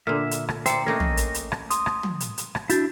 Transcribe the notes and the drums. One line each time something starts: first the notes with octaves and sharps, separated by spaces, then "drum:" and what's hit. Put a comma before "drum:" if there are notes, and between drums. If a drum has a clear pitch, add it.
A#2 D3 E5 F6
drum: hi-hat
drum: rim click
C5 D5 E5 G5 A#5 C#7, drum: hi-hat
A3 A#3 C#4 A#4 D#5
drum: tom
drum: hi-hat
drum: hi-hat
drum: rim click
C6 D#6, drum: hi-hat
drum: rim click
drum: tom
drum: hi-hat
drum: hi-hat
drum: rim click
D4 E4 F#4 G6 A6, drum: hi-hat